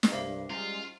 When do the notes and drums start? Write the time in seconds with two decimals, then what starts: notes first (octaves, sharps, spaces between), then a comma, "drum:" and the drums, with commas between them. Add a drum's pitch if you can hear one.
0.03 drum: snare
0.12 C2 G2 C5 E5 F5 D6 C7
0.50 G3 G#3 C#4 E4 F4